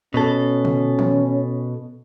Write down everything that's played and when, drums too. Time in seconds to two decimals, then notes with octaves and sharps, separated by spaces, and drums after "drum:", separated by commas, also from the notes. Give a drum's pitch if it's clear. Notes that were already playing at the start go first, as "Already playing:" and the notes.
0.14 B2 C#4 A4
0.65 drum: tom
0.99 drum: tom